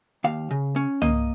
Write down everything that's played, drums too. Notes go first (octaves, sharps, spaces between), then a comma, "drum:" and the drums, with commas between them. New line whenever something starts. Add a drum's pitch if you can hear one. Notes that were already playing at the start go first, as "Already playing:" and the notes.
D#2 F5
C#3
C#4
A#3 D#5, drum: tom C2